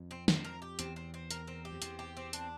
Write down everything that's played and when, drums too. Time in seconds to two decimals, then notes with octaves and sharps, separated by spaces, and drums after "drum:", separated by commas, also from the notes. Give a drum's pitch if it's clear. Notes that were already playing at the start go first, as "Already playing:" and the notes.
Already playing: F2
0.11 C4
0.28 C4, drum: snare
0.44 A#4
0.62 G4
0.79 E2 C4, drum: hi-hat
0.96 C4
1.14 C4
1.31 A#4, drum: hi-hat
1.47 C4
1.65 G4
1.72 F2
1.82 E2 C4, drum: hi-hat
1.99 G4
2.17 C4
2.33 D4, drum: hi-hat